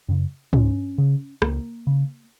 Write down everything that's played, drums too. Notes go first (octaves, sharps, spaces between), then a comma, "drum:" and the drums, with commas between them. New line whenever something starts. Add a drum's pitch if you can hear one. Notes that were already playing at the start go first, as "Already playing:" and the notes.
F#2 C#3
C#2 C#4, drum: tom
C#3
C#2 A#3, drum: rim click
C#3